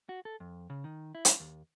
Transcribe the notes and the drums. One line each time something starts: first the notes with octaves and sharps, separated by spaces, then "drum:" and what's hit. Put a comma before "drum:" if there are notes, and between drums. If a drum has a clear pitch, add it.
F#4
A4
F2
C#3
D#3
E4
drum: hi-hat
D#2